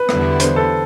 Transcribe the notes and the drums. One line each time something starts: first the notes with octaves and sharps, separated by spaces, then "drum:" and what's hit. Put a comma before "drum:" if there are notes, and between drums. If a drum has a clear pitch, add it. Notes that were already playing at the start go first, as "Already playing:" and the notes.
Already playing: B4
E2 D3 G3 B3 E4, drum: rim click
C5, drum: hi-hat
A4